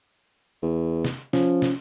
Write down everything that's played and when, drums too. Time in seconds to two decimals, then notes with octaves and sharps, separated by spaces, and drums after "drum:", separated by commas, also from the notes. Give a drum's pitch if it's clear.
0.62 E2
1.05 drum: snare
1.33 F3 C#4, drum: snare
1.62 drum: snare